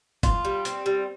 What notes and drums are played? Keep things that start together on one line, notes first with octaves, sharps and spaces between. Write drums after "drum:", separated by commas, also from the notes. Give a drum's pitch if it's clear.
F4, drum: kick, hi-hat
G3
C4, drum: hi-hat
G3